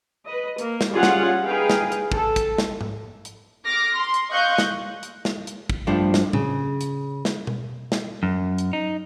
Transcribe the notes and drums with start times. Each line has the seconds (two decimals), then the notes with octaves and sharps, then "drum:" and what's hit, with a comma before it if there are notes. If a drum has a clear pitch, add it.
0.25 B4 D#5
0.58 A#3, drum: hi-hat
0.81 drum: snare
0.92 G3 C#4 F4 G#4 F5 F#5
1.03 drum: snare
1.44 D#4 G#4 B4 F5 G5
1.70 drum: snare
1.92 drum: hi-hat
2.12 A4, drum: kick
2.36 drum: kick, hi-hat
2.58 drum: snare
2.81 drum: tom G#2
3.25 drum: hi-hat
3.64 D6 F6 A#6
3.96 C6
4.14 drum: hi-hat
4.31 D#5 F5 C#6 F#6 G6
4.58 drum: snare
5.03 drum: hi-hat
5.25 drum: snare
5.47 drum: hi-hat
5.70 drum: kick
5.87 G2 F3 A3 D4
6.14 drum: snare
6.33 C#3, drum: tom A2
6.81 drum: hi-hat
7.25 drum: snare
7.47 drum: tom B2
7.92 drum: snare
8.23 F#2
8.58 drum: hi-hat
8.73 D#4